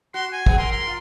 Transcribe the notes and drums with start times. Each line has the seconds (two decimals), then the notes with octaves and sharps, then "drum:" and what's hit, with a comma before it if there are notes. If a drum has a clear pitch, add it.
0.14 F#4 C6
0.32 G#5
0.46 B3 F#4 G#4, drum: kick
0.58 F3 A#4 C6
0.71 C6
0.87 F4